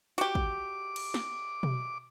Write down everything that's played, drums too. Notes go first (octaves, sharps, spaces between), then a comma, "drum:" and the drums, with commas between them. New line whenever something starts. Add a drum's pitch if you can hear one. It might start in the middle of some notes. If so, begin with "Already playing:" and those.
F#4 G4 D6, drum: hi-hat
drum: kick
drum: cymbal
drum: snare
drum: tom B2